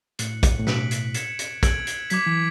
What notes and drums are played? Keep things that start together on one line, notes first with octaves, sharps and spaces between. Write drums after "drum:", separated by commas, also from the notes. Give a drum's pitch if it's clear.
A2 F#6 C#7 F#7, drum: hi-hat
drum: kick, hi-hat
A2
B2 F#6 B6 D7 F#7, drum: snare
drum: hi-hat
G#6 C#7 E7, drum: hi-hat
drum: hi-hat
E6 G#6 D7 F#7, drum: kick, hi-hat
drum: hi-hat
F#3 D6 G#6 B6, drum: hi-hat
E3